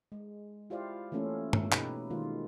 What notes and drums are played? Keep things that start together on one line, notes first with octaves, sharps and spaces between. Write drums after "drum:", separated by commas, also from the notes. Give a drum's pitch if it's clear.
G#3
E4 F4 G4 C5 D5 F5
E3 A3 A#3 C#4 F4 A4
drum: tom
B2 D#4 G4 B4, drum: clap
D#3 G#3 A#3 F4